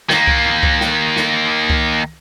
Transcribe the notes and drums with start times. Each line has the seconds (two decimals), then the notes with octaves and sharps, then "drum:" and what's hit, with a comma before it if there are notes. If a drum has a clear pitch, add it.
0.10 D#3 A#3, drum: snare
0.27 drum: kick C2
0.45 drum: tom
0.63 drum: kick C2
0.81 drum: snare
1.16 drum: snare
1.70 drum: kick C2